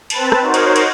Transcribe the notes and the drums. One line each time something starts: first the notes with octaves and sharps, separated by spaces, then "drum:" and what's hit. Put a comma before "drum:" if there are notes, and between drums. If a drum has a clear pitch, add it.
C4 B4 A5, drum: cymbal
drum: rim click
D#4 F#4 A#4 C5 C#5
drum: cymbal
drum: cymbal